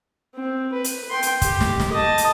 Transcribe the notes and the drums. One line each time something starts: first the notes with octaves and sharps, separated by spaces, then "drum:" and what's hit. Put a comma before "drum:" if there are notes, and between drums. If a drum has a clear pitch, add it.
C4
B4
drum: hi-hat
G5 C6
drum: hi-hat
G4, drum: kick, hi-hat
drum: snare
drum: snare
D#5 A5
drum: hi-hat